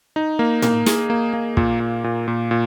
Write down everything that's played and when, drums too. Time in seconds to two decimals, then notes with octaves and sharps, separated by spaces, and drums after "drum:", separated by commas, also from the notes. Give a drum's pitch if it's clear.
0.16 D#4
0.39 A#3
0.62 A#3, drum: tom A2
0.86 G#4, drum: snare
1.10 A#3
1.33 A#3
1.57 A#2, drum: kick
1.80 A#2
2.04 A#2
2.28 A#2
2.51 A#2